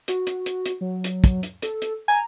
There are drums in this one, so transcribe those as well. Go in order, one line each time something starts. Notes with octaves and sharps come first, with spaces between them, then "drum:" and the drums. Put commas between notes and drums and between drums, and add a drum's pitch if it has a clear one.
F#4, drum: hi-hat
drum: hi-hat
drum: hi-hat
drum: hi-hat
F#3
drum: hi-hat
drum: kick, hi-hat
drum: hi-hat
A4, drum: hi-hat
drum: hi-hat
G#5 A#5